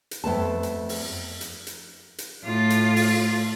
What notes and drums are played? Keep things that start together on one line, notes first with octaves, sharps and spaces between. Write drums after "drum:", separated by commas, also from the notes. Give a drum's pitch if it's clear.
drum: hi-hat
F2 A3 B3 A5
drum: hi-hat
drum: open hi-hat
drum: hi-hat
drum: hi-hat
drum: hi-hat
A2 F4
drum: hi-hat
drum: open hi-hat